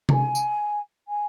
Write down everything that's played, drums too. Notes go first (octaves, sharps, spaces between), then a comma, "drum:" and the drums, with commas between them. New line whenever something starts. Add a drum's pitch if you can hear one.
A#5, drum: tom C3
G#5
drum: tambourine
G#5